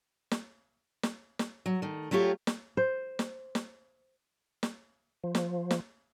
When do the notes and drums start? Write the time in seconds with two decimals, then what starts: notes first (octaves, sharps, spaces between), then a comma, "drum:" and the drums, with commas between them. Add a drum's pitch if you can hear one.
0.31 drum: snare
1.03 drum: snare
1.39 drum: snare
1.66 F#3
1.82 D#3 A3
2.11 F#3 A3 F4 G4 C#5
2.47 drum: snare
2.77 C5
3.19 drum: snare
3.55 drum: snare
4.63 drum: snare
5.24 F3
5.35 drum: snare
5.71 drum: snare